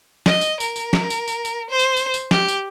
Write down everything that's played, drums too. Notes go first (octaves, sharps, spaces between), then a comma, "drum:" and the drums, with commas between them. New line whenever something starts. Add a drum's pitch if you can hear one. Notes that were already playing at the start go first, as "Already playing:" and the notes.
D#5, drum: snare
drum: tambourine
A#4, drum: tambourine
drum: tambourine
drum: snare
drum: tambourine
drum: tambourine
drum: tambourine
C5
drum: tambourine
drum: tambourine
drum: tambourine
G4, drum: snare
drum: tambourine